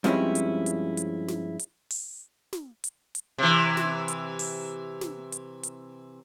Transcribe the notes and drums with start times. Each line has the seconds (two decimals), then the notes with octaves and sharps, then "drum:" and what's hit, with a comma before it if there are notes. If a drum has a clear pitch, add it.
0.04 G2 F3 G#3 C4 C#4 E4, drum: snare
0.35 drum: hi-hat
0.66 drum: hi-hat
0.97 drum: hi-hat
1.28 drum: snare
1.59 drum: hi-hat
1.90 drum: open hi-hat
2.53 drum: snare
2.84 drum: hi-hat
3.15 drum: hi-hat
3.38 C3 E3
3.77 drum: snare
4.08 drum: hi-hat
4.39 drum: open hi-hat
5.01 drum: snare
5.32 drum: hi-hat
5.63 drum: hi-hat